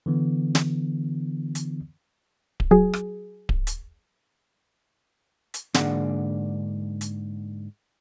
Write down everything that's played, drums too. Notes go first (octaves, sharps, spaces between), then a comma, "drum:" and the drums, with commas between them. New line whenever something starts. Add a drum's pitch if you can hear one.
D3 E3 B3
drum: snare
drum: hi-hat
drum: kick D1
F#3 G#4
drum: rim click
drum: kick D1
drum: hi-hat
drum: hi-hat
G#2 D3 A#3 D4 F#5, drum: snare
drum: hi-hat